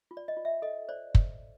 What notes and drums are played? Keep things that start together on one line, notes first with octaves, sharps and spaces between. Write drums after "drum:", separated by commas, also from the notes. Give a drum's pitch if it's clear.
F4
D5
D#5
F4
E5
A4 D#5
C5 D5
drum: kick